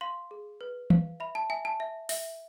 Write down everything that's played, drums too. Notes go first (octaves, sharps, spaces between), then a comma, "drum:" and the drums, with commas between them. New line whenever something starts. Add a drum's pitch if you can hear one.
F5 C6
G#4
B4
F5, drum: tom E3
E5 B5
A5
E5 G#5
A5
E5
E5, drum: open hi-hat